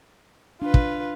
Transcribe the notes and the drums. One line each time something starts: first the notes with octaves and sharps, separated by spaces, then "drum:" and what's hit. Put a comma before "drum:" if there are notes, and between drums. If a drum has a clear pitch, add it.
D4 F4 B4
drum: kick